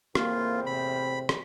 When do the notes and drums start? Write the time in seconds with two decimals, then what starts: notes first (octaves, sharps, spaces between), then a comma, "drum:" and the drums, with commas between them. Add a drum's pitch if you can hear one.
0.15 E2 A2 A#3 C4 F4, drum: rim click
0.67 C3 B5
1.29 drum: rim click